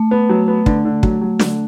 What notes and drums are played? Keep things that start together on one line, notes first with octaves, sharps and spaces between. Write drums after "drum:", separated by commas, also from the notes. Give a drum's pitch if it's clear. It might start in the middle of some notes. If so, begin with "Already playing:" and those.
Already playing: A3
B3
F#3
B3
D3, drum: kick
D3
F#3, drum: kick
F#3
D3, drum: snare